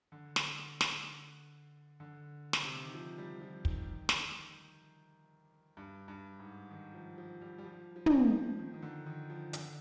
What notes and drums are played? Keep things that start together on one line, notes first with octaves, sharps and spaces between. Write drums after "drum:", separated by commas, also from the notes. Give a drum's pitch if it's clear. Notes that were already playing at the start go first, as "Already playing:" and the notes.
D3
drum: snare
drum: snare
D3
drum: snare
C3
D#3
F3
G3
F3
D#3, drum: kick
drum: snare
G2
G2
G#2
D#3
F3
F3
G3
G3
F3
F3
drum: tom
F3
D#3
D#3
D3
D#3
F3
D3, drum: hi-hat